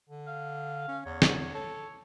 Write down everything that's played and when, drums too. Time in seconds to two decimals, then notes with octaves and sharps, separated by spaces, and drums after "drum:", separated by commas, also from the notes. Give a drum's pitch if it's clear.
0.09 D3
0.27 F5
0.88 C#4
1.05 E2 C#5
1.22 drum: snare
1.54 A4 C#5